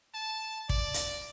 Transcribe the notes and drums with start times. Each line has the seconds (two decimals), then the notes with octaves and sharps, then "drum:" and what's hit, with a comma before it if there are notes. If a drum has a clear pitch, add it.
0.14 A5
0.69 D5, drum: kick
0.94 drum: hi-hat